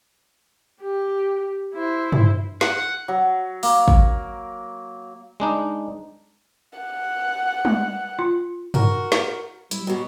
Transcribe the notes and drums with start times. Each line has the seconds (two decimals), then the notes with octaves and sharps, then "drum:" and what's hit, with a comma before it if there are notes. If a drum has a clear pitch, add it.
0.82 G4
1.75 E4 C5
2.12 drum: tom
2.61 F#5, drum: snare
3.08 F#3
3.63 A#3, drum: open hi-hat
3.88 drum: kick
5.40 G#3 D4 D#4
6.79 F#5
7.65 drum: tom G3
8.19 F4
8.74 F#4 A#4, drum: tom
9.12 drum: snare
9.71 G3 E4, drum: hi-hat
9.87 D#2 B2 F#4